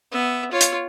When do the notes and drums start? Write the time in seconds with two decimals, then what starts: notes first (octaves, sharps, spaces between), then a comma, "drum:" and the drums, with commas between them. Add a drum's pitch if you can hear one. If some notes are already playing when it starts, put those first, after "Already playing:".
0.11 B3 E5
0.52 F4 C#5
0.61 drum: hi-hat